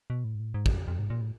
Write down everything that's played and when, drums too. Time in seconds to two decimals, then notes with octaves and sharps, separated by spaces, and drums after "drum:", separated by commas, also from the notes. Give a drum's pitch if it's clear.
0.10 B2
0.24 A2
0.35 G#2
0.40 A2
0.54 G#2
0.66 G2, drum: kick
0.76 F2
0.88 F2
0.99 G#2
1.10 A#2
1.21 A2